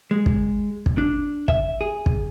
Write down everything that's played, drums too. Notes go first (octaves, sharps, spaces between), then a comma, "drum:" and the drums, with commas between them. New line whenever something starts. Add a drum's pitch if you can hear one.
G#3
drum: kick
drum: kick
D4
E5, drum: kick
G#4
drum: kick